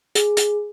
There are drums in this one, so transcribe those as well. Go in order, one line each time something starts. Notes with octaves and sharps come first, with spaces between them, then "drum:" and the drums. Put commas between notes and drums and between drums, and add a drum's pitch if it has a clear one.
G#4, drum: hi-hat
drum: hi-hat